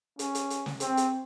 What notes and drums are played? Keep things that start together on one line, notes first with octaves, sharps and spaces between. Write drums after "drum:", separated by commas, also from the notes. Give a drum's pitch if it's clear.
C#4, drum: hi-hat
drum: hi-hat
drum: hi-hat
drum: snare
C4, drum: hi-hat
drum: hi-hat